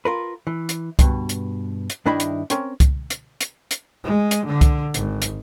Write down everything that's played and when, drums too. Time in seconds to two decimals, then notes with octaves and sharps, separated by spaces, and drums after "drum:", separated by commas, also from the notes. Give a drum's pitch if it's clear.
0.05 F4 A#4 B4
0.47 E3
0.69 drum: hi-hat
0.99 G2 B2, drum: kick C2, hi-hat
1.29 drum: hi-hat
1.90 drum: hi-hat
2.06 G2 D#3 D4 E4 D#5 B5
2.20 drum: hi-hat
2.50 C4 C#4 A#4, drum: hi-hat
2.80 drum: kick C2, hi-hat
3.10 drum: hi-hat
3.41 drum: hi-hat
3.71 drum: hi-hat
4.04 G#3
4.31 drum: hi-hat
4.46 D3
4.61 drum: kick C2, hi-hat
4.94 G#1, drum: hi-hat
5.22 drum: hi-hat